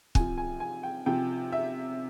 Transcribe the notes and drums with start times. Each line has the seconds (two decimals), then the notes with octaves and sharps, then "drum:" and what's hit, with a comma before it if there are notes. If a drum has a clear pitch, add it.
0.15 C3 F3 G#5, drum: kick
0.38 G#5
0.60 G#5
0.83 G5
1.06 C3 F3 G5
1.52 E5